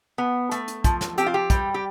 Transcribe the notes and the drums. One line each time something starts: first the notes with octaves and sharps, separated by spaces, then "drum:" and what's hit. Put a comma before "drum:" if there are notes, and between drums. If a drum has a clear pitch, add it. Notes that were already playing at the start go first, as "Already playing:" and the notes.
B3
A3, drum: hi-hat
drum: hi-hat
F3, drum: kick, hi-hat
drum: snare
C4 G4, drum: hi-hat
F4
G4
G3, drum: kick, hi-hat
G4